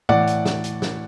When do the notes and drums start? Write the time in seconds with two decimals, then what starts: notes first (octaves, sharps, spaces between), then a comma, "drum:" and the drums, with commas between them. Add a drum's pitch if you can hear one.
0.09 A2 E3 D5 F#5, drum: tom A2
0.27 drum: hi-hat
0.46 drum: snare
0.64 drum: hi-hat
0.82 drum: snare